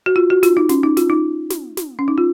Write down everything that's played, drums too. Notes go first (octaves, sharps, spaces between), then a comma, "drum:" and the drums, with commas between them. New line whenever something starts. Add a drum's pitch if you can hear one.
F#4
F4
F#4
F4, drum: snare
D#4
C#4, drum: snare
D#4
F4, drum: snare
D#4
drum: snare
drum: snare
C#4
D#4
F4